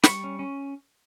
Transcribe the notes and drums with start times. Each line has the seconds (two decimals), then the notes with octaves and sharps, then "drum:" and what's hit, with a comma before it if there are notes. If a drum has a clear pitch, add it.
0.04 B5, drum: snare
0.08 G3 C#6
0.24 C#4
0.39 C#4